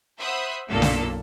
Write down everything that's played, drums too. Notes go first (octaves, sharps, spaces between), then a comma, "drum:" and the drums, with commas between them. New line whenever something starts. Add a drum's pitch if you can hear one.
C5 E5 F#5 B5 D#6
B1 F#2 A#2 A#3 A4 E6
drum: snare